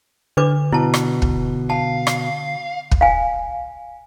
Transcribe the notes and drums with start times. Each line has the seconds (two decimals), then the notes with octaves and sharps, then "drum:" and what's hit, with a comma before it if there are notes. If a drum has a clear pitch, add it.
0.37 D3 D4 B4 D6
0.72 B2 E4 A5
0.94 drum: rim click
1.22 drum: kick
1.70 F5 A5
2.07 drum: rim click
2.91 drum: kick
3.01 F5 G#5